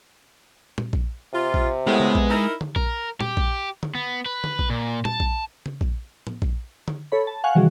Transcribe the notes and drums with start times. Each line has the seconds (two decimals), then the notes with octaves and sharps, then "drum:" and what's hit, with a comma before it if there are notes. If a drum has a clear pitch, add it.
0.78 drum: tom A#2
0.93 drum: kick A#1
1.34 C3 F4
1.54 drum: kick A#1
1.87 A2 G#3 B3 G4
2.00 drum: tom C#3
2.15 drum: kick A#1
2.30 D#4 E4 A#4
2.61 drum: tom D3
2.76 A#4, drum: kick A#1
3.21 G4, drum: tom A#2
3.37 drum: kick A#1
3.83 drum: tom D3
3.95 B3
4.26 B4
4.44 drum: tom D3
4.59 drum: kick A#1
4.70 A#2
5.05 A5, drum: tom A#2
5.20 drum: kick A#1
5.66 drum: tom C#3
5.81 drum: kick A#1
6.27 drum: tom
6.42 drum: kick A#1
6.88 drum: tom D3
7.12 A4 C#5 B5
7.27 A5
7.44 F5 F#5 G#5 C#6 F#6
7.55 C3 D#3 E3 G3 F#4 G#4